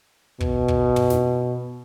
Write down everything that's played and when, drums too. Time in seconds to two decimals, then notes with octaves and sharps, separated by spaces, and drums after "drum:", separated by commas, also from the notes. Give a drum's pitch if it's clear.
0.40 B2, drum: kick
0.68 drum: kick
0.96 drum: tom
1.10 drum: snare